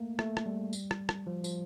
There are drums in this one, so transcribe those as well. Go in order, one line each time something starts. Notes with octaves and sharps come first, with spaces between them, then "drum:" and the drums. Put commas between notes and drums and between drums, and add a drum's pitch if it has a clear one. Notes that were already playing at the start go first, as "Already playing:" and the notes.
Already playing: A3 A#3
A3, drum: rim click
drum: rim click
G3
drum: tambourine
drum: rim click
drum: rim click
F3
F3, drum: tambourine